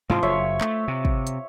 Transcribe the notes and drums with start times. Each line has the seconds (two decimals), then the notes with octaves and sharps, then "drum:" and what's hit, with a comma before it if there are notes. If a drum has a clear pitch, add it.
0.10 G#2 C3 E3 F3 C6
0.23 F#1 C#5 E5
0.61 A3, drum: clap
0.88 C3
1.05 drum: kick
1.27 drum: hi-hat